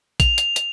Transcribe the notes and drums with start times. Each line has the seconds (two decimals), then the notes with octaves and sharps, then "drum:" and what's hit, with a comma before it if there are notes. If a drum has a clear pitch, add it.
0.20 F7, drum: kick, hi-hat
0.38 drum: hi-hat
0.56 drum: hi-hat